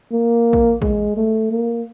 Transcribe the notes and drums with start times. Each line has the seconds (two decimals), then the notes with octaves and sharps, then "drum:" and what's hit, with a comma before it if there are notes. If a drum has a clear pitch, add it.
0.12 A#3
0.53 drum: kick
0.82 G#3, drum: kick
1.17 A3
1.51 A#3